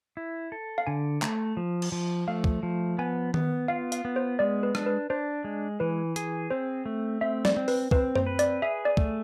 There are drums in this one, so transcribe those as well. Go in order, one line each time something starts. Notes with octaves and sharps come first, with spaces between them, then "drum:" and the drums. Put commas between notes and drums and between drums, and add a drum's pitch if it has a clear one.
E4
A4
F5
D3 G#5
A3, drum: clap
F3
drum: cymbal
F3
A3 F5
drum: kick C#2
F3
B3 G#5
B3, drum: tom D#3
F4 F5
F5, drum: hi-hat
B3
C5
G#3 D5
B4
D4, drum: rim click
B4
D4 C5
G#3
E3 B4
G#4, drum: hi-hat
C4 C5
A3
C4 E5
D5, drum: snare
C4
B4, drum: open hi-hat
C4 B4, drum: kick C#2
C5, drum: tom F#2
B4
D5, drum: hi-hat
G#4 E5
D5
A3, drum: kick C#2